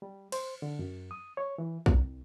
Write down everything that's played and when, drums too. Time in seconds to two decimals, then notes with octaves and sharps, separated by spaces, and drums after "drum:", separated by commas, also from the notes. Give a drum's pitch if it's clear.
0.02 G3
0.32 C5, drum: cymbal
0.62 D3
0.79 F#2
1.11 D#6
1.37 C#5
1.58 E3
1.86 C2, drum: kick A#1